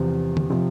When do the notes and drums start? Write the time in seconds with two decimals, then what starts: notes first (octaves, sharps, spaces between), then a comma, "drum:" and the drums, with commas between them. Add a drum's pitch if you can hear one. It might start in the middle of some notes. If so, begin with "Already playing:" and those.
Already playing: E2 C3 F3
0.37 drum: tom
0.50 C3 F3